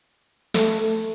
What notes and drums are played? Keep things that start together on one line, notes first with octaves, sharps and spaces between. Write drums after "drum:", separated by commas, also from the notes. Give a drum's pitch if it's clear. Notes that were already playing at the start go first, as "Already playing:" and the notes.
A3, drum: snare